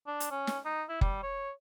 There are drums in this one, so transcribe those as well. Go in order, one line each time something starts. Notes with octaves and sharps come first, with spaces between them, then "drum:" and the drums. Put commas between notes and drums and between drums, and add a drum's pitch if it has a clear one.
D4
drum: hi-hat
C#4
drum: snare
D#4
E4
G3, drum: kick F#1
C#5